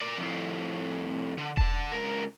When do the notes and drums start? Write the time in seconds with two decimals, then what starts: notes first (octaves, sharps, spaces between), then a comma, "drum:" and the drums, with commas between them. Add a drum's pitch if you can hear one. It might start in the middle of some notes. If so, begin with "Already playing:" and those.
0.01 A#4 D5
0.17 F2 A2
1.38 D3
1.57 D3 A5, drum: kick E1
1.92 C#2 A#4